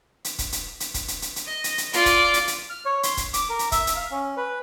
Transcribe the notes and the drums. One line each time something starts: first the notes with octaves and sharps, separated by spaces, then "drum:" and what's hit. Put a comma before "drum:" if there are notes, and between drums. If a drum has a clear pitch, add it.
drum: hi-hat
drum: kick, hi-hat
drum: hi-hat
drum: hi-hat
drum: kick, hi-hat
drum: hi-hat
drum: hi-hat
drum: hi-hat
D#5
drum: hi-hat
drum: hi-hat
F4 D5, drum: hi-hat
drum: kick, hi-hat
drum: hi-hat
drum: hi-hat
F6
C#5
C6, drum: hi-hat
drum: kick, hi-hat
D6, drum: hi-hat
A#4
drum: hi-hat
E5, drum: kick, hi-hat
drum: hi-hat
F5
C#4
B4